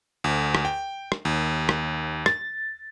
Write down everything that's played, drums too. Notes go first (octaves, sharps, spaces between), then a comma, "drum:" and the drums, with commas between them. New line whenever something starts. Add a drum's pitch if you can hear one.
D2
drum: rim click
G5
drum: rim click
D#2
drum: rim click
A6, drum: rim click